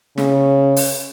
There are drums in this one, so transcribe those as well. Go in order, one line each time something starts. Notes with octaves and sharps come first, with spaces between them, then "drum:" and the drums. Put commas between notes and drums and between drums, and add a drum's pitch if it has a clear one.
C#3, drum: snare
drum: open hi-hat